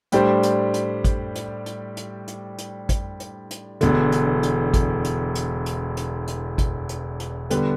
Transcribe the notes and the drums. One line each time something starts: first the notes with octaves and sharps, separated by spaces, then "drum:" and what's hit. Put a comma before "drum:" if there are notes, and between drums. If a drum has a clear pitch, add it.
A2 G3 D4 G4 C5, drum: hi-hat
drum: hi-hat
drum: hi-hat
drum: kick G#1, hi-hat
drum: hi-hat
drum: hi-hat
drum: hi-hat
drum: hi-hat
drum: hi-hat
drum: kick G#1, hi-hat
drum: hi-hat
drum: hi-hat
E1 E2 D3, drum: hi-hat
drum: hi-hat
drum: hi-hat
drum: kick G#1, hi-hat
drum: hi-hat
drum: hi-hat
drum: hi-hat
drum: hi-hat
drum: hi-hat
drum: kick G#1, hi-hat
drum: hi-hat
drum: hi-hat
D3 G3 B3, drum: hi-hat